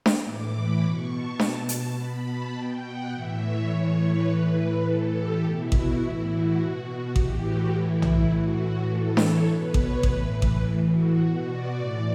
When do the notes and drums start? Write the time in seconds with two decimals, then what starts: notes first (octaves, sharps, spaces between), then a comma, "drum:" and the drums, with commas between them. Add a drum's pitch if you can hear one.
0.06 drum: snare D4
0.24 A2 E3 D6
0.53 B5
0.82 B2 C#6
1.12 A5
1.39 B2 A5, drum: snare D4
1.69 A5, drum: hi-hat
1.97 B2 B5
2.26 A5
2.55 B2 G5
2.84 F#5
3.12 A2 E3 E5
3.42 C#5
3.70 A2 E3 C#5
3.99 B4
4.27 A2 E3 B4
4.56 B4
4.85 A2 E3 A4
5.14 G4
5.43 B2 E4
5.72 F#4, drum: kick A1
6.00 A2 E3 E4
6.29 F#4
6.59 B2
7.16 A2 E3 G4, drum: kick A1
7.45 F#4
7.73 A2 E3 E4
8.02 E4, drum: tom B1
8.31 A2 E3 F#4
8.88 A2 E3 A4
9.17 C#5, drum: snare D4
9.46 B2 B4
9.74 C#5, drum: kick A1
10.03 A2 E3 B4, drum: kick A1
10.42 drum: kick A1
10.61 A2 E3
10.89 F#4
11.18 B2 F#4
11.47 D5
11.76 A2 E3